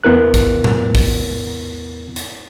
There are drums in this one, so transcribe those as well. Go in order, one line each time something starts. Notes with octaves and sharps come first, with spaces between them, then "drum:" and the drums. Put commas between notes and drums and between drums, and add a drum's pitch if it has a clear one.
E2 B3 E4 A#4 F#6
drum: kick, hi-hat
drum: tom A2
drum: kick, open hi-hat
drum: hi-hat